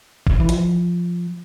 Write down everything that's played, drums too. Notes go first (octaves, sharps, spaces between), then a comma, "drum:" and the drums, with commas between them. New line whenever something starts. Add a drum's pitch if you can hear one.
drum: kick G1
E3
F3, drum: hi-hat